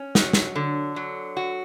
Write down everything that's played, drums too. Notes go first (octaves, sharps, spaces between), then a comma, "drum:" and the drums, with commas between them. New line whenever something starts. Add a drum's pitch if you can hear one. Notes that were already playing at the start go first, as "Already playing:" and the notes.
Already playing: C#4
F#3, drum: snare
drum: snare
D3
F#3
F#4